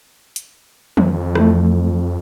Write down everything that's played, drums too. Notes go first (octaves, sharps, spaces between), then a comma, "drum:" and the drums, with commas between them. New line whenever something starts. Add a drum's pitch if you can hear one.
drum: hi-hat
F2, drum: tom D#3
E3 F3 A3, drum: rim click